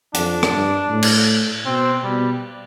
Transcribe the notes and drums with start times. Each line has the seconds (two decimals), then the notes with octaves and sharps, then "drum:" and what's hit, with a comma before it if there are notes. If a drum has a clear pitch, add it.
0.14 F2 D4, drum: hi-hat
0.43 drum: rim click
0.53 G2
0.90 A2
1.03 drum: cymbal
1.65 B2 C4
2.03 B2 G3